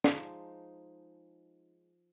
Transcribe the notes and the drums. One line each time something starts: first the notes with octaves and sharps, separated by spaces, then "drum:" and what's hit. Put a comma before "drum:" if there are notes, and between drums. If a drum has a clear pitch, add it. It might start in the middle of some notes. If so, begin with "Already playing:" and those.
F3 G#3 D#4 A5, drum: snare